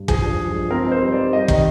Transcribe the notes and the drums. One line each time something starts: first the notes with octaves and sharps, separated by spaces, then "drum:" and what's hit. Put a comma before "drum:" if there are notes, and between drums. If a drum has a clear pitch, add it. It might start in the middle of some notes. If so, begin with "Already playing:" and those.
Already playing: G2
F3 G#4, drum: kick
D4
F3
G#3
C4 A#4
D#4 C5
G3
D5
D#4
G3 D#5
D#3, drum: kick